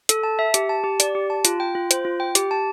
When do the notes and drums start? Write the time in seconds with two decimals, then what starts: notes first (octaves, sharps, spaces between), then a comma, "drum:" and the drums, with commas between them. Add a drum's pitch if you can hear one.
0.09 A4, drum: hi-hat
0.23 A5
0.39 E5
0.54 G4, drum: hi-hat
0.69 A5
0.84 G4
1.00 D5, drum: hi-hat
1.15 G4
1.30 A5
1.45 F4, drum: hi-hat
1.60 G5
1.75 F4
1.91 C5, drum: hi-hat
2.05 F4
2.20 G5
2.35 G4, drum: hi-hat
2.51 A5